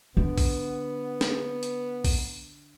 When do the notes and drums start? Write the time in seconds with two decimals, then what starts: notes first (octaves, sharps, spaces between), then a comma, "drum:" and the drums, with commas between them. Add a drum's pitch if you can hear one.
0.17 D3 B3
0.38 drum: kick A#1, open hi-hat
1.21 drum: snare
1.63 drum: hi-hat
2.04 drum: kick A#1, open hi-hat